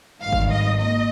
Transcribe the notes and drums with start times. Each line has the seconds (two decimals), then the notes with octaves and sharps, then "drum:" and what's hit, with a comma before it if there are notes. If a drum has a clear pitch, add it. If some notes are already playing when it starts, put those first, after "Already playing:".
0.21 G#1 G2 D#3 F5
0.32 drum: kick G1
0.51 D#5
0.81 A#2 D#5